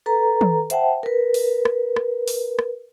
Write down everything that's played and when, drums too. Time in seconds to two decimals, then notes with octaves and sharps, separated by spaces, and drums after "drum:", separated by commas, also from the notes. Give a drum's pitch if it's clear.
0.06 A4 B4 A#5
0.41 drum: tom
0.70 C5 E5 F#5 G5 A5, drum: hi-hat
1.03 A#4 B4
1.34 drum: open hi-hat
1.65 drum: rim click
1.96 drum: rim click
2.28 drum: open hi-hat
2.59 drum: rim click